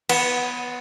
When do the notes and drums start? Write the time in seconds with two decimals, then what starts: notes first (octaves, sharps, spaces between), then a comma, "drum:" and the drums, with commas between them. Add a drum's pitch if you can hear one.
0.09 B3, drum: cymbal